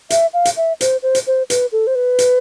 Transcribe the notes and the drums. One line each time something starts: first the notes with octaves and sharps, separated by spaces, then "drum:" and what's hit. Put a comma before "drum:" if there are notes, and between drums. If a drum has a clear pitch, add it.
E5, drum: hi-hat
F5
drum: hi-hat
E5
C5, drum: hi-hat
C5
drum: hi-hat
C5
B4, drum: hi-hat
A4
C5
B4
drum: hi-hat